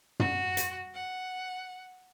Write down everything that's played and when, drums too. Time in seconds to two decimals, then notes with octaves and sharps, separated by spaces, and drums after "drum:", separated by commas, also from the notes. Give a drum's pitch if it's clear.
0.19 F#4, drum: tom
0.57 drum: hi-hat
0.94 F#5